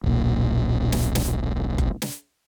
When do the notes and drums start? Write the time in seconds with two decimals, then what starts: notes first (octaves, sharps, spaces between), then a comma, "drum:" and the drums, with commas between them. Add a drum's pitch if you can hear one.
0.04 D#1 B1 A#2
0.92 drum: snare
1.15 drum: snare
1.78 drum: kick F#1
2.02 drum: snare